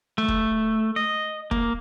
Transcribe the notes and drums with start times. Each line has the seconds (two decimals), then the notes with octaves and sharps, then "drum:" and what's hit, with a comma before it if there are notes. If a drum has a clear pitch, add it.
0.18 A3
0.28 drum: kick
0.96 D#5
1.51 A#3, drum: kick